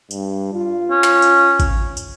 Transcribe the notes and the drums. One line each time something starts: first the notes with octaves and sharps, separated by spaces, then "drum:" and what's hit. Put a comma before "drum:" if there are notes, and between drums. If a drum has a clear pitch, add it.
G2, drum: tambourine
F4
C#4
drum: clap
drum: tambourine
drum: kick G#1, tambourine
drum: tambourine